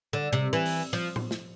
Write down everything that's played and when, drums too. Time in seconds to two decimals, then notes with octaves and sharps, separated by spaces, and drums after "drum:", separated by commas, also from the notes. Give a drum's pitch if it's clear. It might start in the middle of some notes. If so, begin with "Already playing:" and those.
0.13 D3
0.33 C3
0.53 E3
0.66 drum: open hi-hat
0.93 F3
1.16 drum: tom A2
1.31 drum: snare